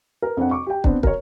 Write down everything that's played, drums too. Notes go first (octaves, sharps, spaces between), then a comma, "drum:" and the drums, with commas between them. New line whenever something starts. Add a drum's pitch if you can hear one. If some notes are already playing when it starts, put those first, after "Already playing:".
A#4 B4
F2 C4 D4 F#5
C#6 D6
G4 G5
B3 C4 D4, drum: kick
A#4 C#5, drum: kick